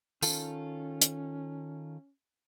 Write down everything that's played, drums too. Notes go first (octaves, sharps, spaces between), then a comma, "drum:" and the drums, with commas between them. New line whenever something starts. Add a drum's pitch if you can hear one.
D#3 C#4 F4 A4, drum: tambourine
drum: hi-hat